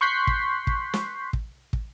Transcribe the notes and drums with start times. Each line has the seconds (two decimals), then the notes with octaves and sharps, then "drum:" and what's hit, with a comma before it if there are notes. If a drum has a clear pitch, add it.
0.01 C6 C#6 F#6 G6 B6 C7
0.27 drum: kick
0.67 drum: kick
0.94 drum: snare
1.33 drum: kick
1.73 drum: kick